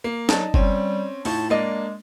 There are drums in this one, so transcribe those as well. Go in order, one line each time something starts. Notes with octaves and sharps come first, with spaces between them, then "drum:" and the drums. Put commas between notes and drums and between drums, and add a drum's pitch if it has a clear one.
A#3
F#3 D#4 D5 A5, drum: snare
G3 C4 C#4, drum: kick F#1
A2 D#4 F4 C#5 A5, drum: open hi-hat
G#3 A#3 D4 D5 D#5